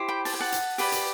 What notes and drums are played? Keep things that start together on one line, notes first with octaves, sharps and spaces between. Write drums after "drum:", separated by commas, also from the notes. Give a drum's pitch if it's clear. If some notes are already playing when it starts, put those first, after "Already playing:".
Already playing: E4 G4 C5
G5 B5
A5, drum: open hi-hat
G5
F#5 A5
drum: hi-hat
G4 B4 D5, drum: open hi-hat
drum: hi-hat